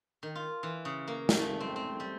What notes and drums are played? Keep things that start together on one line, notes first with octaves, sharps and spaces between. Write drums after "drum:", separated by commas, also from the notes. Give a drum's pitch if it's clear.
D#3
F4
E3
C#3
A#3
drum: snare
A3
C4
C4
G3